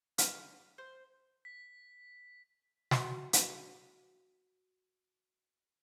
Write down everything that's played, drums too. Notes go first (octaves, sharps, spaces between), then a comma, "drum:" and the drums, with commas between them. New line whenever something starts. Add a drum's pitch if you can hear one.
F6, drum: hi-hat
C5
B6
F#4 F#5, drum: snare
drum: hi-hat